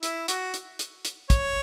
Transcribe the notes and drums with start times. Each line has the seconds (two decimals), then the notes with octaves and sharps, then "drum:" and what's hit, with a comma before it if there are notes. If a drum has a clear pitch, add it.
0.03 E4, drum: hi-hat
0.28 F#4, drum: hi-hat
0.54 drum: hi-hat
0.79 drum: hi-hat
1.05 drum: hi-hat
1.30 C#5, drum: kick, hi-hat